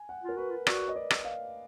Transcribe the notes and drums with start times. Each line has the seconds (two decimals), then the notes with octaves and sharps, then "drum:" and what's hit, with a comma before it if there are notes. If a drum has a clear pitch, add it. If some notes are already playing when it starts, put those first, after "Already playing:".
Already playing: G#5
0.09 F#5
0.23 F4
0.29 A#4
0.37 F#4 B4
0.50 F4
0.67 F#4 D5, drum: rim click
0.88 D#5
0.96 D5
1.10 drum: rim click
1.24 F5